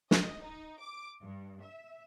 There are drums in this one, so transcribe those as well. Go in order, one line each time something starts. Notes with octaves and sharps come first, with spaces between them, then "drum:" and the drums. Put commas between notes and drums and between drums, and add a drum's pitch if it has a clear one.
D#5, drum: snare
D#4
D6
G2
E5